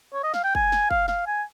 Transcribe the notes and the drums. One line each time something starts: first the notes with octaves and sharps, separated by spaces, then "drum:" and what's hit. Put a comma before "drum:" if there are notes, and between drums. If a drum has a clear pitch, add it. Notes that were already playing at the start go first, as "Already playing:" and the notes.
C#5
D#5
F5, drum: snare
G5
G#5, drum: kick
drum: snare
F5, drum: kick
F5, drum: snare
G#5